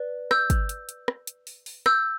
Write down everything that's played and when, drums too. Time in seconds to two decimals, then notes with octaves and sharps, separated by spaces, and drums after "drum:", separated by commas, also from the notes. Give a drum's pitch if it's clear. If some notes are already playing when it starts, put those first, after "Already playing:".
Already playing: B4 D5
0.31 E6 G6, drum: rim click
0.50 drum: kick, hi-hat
0.69 drum: hi-hat
0.89 drum: hi-hat
1.08 drum: rim click
1.27 drum: hi-hat
1.47 drum: open hi-hat
1.66 drum: open hi-hat
1.86 E6 G6, drum: rim click